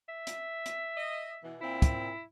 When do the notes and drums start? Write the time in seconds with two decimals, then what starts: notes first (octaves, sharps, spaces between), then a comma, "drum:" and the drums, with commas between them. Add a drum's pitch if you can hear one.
0.09 E5
0.27 drum: hi-hat
0.66 drum: hi-hat
0.97 D#5
1.43 B2 E3
1.61 A#2 C4 E4
1.82 drum: kick, hi-hat